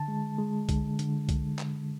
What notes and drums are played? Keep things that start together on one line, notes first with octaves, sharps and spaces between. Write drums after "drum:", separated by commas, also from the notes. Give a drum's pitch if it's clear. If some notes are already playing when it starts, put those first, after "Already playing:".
Already playing: D3 A5
G#3
G#3
D3, drum: kick C2, hi-hat
D3, drum: hi-hat
drum: kick C2, hi-hat
drum: clap